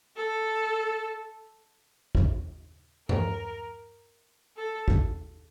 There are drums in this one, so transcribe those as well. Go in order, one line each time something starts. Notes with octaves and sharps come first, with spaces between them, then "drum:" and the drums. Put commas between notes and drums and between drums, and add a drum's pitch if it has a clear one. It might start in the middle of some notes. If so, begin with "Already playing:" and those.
A4
drum: kick G#1
A#4, drum: tom G2
A4
drum: kick G#1